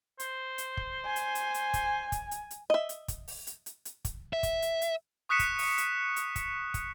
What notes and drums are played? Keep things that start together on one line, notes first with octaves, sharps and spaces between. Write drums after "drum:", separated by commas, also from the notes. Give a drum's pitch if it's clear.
C5, drum: hi-hat
drum: hi-hat
drum: kick
G#5
drum: hi-hat
drum: hi-hat
drum: hi-hat
drum: kick, hi-hat
drum: kick, hi-hat
drum: hi-hat
drum: hi-hat
D#5 E5
drum: hi-hat
drum: kick, hi-hat
drum: open hi-hat
drum: hi-hat
drum: hi-hat
drum: hi-hat
drum: kick, hi-hat
E5
drum: kick, hi-hat
drum: hi-hat
drum: hi-hat
C#6 D#6 F#6 B6 C#7 E7
drum: kick, hi-hat
drum: open hi-hat
drum: hi-hat
drum: hi-hat
drum: kick, hi-hat
drum: kick, hi-hat